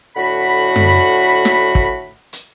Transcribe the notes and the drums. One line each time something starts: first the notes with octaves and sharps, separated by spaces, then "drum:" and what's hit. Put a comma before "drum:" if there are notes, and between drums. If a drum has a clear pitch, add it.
A2 D3 F#4 F#5 B5
drum: tom F#2
drum: snare
drum: kick
drum: hi-hat